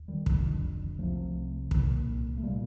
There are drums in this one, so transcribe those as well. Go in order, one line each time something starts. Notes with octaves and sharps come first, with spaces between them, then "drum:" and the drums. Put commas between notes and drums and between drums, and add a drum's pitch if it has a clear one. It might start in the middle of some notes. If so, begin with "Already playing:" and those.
Already playing: D#2
D#3 G3
F1 F2 D3, drum: kick
C2 C3 F3 A3
C2 A#2, drum: kick
A3
A#2 G3 A#3